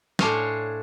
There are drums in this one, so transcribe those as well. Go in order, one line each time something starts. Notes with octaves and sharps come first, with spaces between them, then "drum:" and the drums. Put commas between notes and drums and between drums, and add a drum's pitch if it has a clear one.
A2 D4 C5 C#5 F5 G#5, drum: snare